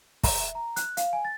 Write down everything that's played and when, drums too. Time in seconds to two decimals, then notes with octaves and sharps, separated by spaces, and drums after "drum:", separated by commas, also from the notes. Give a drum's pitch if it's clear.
0.23 A#5, drum: kick, open hi-hat
0.40 E5
0.55 A#5
0.76 F#6, drum: hi-hat
0.97 F5, drum: hi-hat
1.13 G#5
1.25 A6